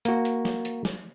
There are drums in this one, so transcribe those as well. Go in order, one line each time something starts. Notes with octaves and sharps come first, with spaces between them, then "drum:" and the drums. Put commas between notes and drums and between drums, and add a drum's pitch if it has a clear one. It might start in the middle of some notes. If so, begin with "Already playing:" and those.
A#3 F#4, drum: hi-hat
drum: hi-hat
drum: snare
drum: hi-hat
drum: snare